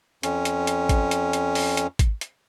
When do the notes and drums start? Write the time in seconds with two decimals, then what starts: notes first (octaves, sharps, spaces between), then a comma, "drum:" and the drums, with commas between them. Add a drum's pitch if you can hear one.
0.23 F2 C#4, drum: hi-hat
0.45 drum: hi-hat
0.67 drum: hi-hat
0.89 drum: kick G#1, hi-hat
1.11 drum: hi-hat
1.33 drum: hi-hat
1.55 drum: open hi-hat
1.77 drum: hi-hat
1.99 drum: kick G#1, hi-hat
2.21 drum: hi-hat